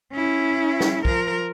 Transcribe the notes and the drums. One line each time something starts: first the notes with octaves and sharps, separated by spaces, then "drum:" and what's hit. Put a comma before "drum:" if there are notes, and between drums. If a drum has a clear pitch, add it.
C#4 E4
drum: snare
F3 A#4, drum: kick